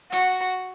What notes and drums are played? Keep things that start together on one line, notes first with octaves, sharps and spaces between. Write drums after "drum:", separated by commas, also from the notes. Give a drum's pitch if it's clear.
F#4, drum: hi-hat